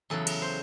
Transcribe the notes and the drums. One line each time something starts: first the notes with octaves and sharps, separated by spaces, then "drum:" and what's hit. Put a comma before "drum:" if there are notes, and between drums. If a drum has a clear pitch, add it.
E2 C#3 F#3 A4
drum: cymbal
C5